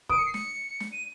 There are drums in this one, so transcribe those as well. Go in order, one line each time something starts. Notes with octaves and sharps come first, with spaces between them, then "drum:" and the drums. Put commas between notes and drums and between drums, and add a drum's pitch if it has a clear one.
D#6 D7, drum: kick
C#7
C7
C#7, drum: snare
drum: snare
D#7